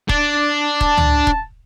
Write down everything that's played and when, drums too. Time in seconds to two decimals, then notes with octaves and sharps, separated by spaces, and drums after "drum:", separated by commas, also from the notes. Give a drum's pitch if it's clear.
0.09 D4 D5, drum: kick D#1
0.81 A5, drum: kick D#1
0.97 drum: tom C#2
1.27 drum: kick D#1